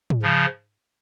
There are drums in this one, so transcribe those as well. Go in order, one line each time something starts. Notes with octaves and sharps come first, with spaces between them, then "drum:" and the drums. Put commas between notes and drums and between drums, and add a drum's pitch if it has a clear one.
drum: tom
C#3 F3